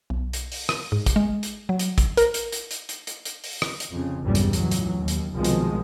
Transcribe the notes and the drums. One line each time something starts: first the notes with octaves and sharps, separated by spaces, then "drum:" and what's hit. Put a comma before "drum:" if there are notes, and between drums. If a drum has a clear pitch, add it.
B1
drum: hi-hat
drum: open hi-hat
D#7, drum: rim click
G#2
drum: kick, hi-hat
G#3
drum: hi-hat
F#3
drum: hi-hat
drum: kick, hi-hat
A#4, drum: hi-hat
drum: hi-hat
drum: hi-hat
drum: hi-hat
drum: hi-hat
drum: hi-hat
drum: hi-hat
drum: open hi-hat
drum: rim click
drum: hi-hat
F2 C#3
B1 E2 G2 A#2 C#3 G3
drum: hi-hat
C#2 A2 E3 F#3, drum: hi-hat
drum: hi-hat
D#2
drum: hi-hat
C2 B2 D#3 F3 G#3
drum: hi-hat